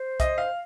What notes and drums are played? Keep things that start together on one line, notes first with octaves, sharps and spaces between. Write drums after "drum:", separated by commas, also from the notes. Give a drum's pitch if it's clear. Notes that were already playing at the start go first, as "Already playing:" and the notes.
Already playing: C5
D#5, drum: kick, hi-hat
F5